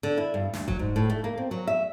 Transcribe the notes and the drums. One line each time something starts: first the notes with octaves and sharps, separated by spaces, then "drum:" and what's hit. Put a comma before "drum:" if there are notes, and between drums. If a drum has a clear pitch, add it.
D3
E4
G2
D2, drum: snare
F#3, drum: kick E1
G#2
A2
A3
A#3
C4
F#3
E5